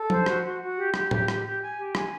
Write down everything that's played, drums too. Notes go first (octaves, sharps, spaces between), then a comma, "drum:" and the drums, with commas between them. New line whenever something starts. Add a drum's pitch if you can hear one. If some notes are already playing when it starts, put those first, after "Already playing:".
Already playing: A4
C5, drum: tom F3
F#4, drum: rim click
F#4
F#4
G4
G4, drum: rim click
G4, drum: tom A2
G4, drum: rim click
G4
G#5
G4
G#5, drum: rim click